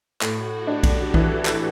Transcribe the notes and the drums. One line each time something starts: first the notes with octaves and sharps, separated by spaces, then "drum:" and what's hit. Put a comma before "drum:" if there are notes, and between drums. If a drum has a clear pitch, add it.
A2 F#4, drum: clap
G4
D4
A4, drum: kick B1, cymbal
E3, drum: kick B1
drum: clap